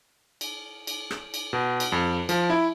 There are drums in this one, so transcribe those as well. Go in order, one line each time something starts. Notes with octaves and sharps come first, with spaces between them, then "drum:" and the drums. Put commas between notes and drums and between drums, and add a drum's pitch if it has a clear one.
drum: cymbal
drum: cymbal
drum: rim click
drum: cymbal
B2
drum: cymbal
F2
F3, drum: cymbal
E4